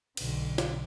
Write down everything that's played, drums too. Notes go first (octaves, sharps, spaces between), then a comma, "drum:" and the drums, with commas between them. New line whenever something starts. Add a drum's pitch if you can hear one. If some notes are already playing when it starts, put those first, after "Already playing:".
B1 D3, drum: cymbal
drum: snare